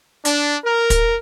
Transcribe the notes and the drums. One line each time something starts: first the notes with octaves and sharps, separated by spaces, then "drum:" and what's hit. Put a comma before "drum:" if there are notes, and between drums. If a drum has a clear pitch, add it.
D4, drum: hi-hat
A#4
drum: kick, hi-hat